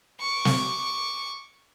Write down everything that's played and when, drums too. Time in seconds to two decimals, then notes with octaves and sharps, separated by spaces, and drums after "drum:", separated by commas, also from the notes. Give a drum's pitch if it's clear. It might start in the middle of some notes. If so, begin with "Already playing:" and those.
0.20 C#6 D6
0.45 drum: snare